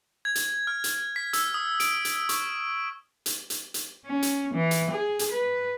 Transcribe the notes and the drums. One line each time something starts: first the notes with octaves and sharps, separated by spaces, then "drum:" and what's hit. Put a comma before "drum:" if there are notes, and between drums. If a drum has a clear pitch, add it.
G#6
drum: hi-hat
F6
drum: hi-hat
B6
E6, drum: hi-hat
D#6
D7, drum: hi-hat
drum: hi-hat
C#6, drum: hi-hat
drum: hi-hat
drum: hi-hat
drum: hi-hat
C#4
drum: hi-hat
E3
drum: hi-hat
G#4
drum: hi-hat
B4